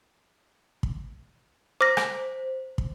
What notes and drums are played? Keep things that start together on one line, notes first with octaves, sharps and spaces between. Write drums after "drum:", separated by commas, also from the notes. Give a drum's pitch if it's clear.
drum: kick
C5 D6 F6 A#6
drum: rim click
drum: kick